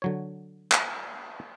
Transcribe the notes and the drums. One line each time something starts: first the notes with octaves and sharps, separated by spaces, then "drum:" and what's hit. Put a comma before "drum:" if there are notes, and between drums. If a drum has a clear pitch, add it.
D3 F#3 C#5
drum: clap